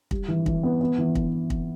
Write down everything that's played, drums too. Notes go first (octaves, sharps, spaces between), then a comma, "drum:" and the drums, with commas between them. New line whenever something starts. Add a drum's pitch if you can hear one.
G3, drum: kick
E3
E3, drum: kick
B3
B3
E3
drum: kick
drum: kick